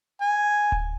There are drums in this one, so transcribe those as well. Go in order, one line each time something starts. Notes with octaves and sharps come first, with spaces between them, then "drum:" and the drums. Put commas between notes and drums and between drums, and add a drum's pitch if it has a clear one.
G#5
drum: kick D1